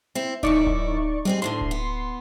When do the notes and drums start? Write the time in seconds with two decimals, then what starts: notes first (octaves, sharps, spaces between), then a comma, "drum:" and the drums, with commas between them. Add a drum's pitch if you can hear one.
0.15 C4 E4
0.43 F#2 D#3 D#4 E4 D5 C#6, drum: kick D1
0.67 drum: kick D1
1.25 G3 G#3 C4 G#4
1.42 D2 A2 D3 C6
1.61 drum: kick D1
1.71 B3